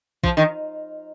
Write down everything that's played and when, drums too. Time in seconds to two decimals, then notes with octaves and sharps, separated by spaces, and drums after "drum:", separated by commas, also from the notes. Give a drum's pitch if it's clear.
0.24 F3, drum: kick A#1
0.37 D#3